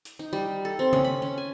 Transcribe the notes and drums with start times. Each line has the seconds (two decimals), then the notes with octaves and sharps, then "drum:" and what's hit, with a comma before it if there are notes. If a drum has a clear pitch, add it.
0.05 drum: hi-hat
0.19 D#4
0.33 G3
0.65 A4
0.79 C4
0.93 C#4, drum: tom C#3
1.04 B5
1.22 C#4
1.38 G#5